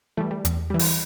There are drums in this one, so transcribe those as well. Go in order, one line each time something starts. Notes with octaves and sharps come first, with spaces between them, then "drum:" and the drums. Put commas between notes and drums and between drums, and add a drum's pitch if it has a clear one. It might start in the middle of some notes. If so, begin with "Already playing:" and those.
E3 G3 A3
G3
E2, drum: hi-hat
E3 G3
drum: open hi-hat